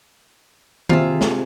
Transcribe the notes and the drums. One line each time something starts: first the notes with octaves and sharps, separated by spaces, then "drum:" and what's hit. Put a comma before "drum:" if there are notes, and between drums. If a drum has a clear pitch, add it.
C3 F4 G#4 E5, drum: tom D#3
drum: snare